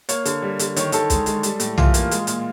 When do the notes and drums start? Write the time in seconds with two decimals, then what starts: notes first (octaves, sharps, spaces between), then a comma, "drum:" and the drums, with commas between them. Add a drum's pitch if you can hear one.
0.09 A#3 C#5, drum: hi-hat
0.25 D3, drum: hi-hat
0.42 G3
0.59 D3, drum: hi-hat
0.76 D#3 C#5, drum: hi-hat
0.92 D#3 A4, drum: hi-hat
1.10 G#3, drum: kick, hi-hat
1.26 G#3, drum: hi-hat
1.43 G3, drum: hi-hat
1.60 A2, drum: hi-hat
1.77 E3 F4, drum: tom
1.94 A#3, drum: hi-hat
2.11 G#3, drum: hi-hat
2.27 A#2, drum: hi-hat